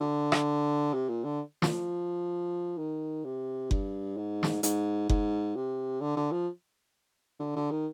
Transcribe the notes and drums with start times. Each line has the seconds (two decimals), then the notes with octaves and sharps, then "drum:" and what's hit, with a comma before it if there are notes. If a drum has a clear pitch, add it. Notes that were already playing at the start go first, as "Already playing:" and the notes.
0.01 D3
0.32 drum: rim click
0.94 C3
1.09 A#2
1.24 D3
1.62 F3, drum: snare
2.78 D#3
3.25 C3
3.71 G2, drum: kick F#1
4.17 G#2
4.43 drum: snare
4.63 G#2, drum: hi-hat
5.09 G#2, drum: kick F#1
5.56 C3
6.01 D3
6.17 D3
6.32 F3
7.40 D3
7.56 D3
7.71 D#3